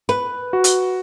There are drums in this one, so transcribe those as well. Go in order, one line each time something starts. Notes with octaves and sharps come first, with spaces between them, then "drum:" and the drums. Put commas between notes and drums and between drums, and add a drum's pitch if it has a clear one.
B4
F#4
drum: hi-hat